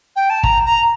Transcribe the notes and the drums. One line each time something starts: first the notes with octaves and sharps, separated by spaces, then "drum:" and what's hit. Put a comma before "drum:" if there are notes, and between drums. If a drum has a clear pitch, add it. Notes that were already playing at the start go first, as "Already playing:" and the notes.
G5
A5
A#5, drum: kick
A#5